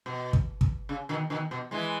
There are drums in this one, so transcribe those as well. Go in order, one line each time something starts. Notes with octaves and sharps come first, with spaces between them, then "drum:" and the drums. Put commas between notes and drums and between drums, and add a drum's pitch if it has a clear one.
B2
drum: kick
drum: kick
C#3
B2 D#3
B2 D#3
B2
E3 G#3